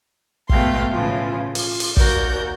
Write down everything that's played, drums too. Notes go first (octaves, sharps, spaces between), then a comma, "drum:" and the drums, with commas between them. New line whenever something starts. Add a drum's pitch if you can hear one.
G#2 B2 A3 F5 G5 C6, drum: kick
A2 C#3 E3 F3 F4
F4, drum: open hi-hat
drum: open hi-hat
D#2 F#4 A#4 D5 G6, drum: kick